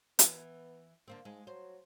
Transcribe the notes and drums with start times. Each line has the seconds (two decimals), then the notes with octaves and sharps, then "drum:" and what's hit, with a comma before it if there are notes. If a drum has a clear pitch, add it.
0.19 E3 B3, drum: hi-hat
1.08 D3 A#3 C4
1.25 G#2 G#3
1.47 F#3 C5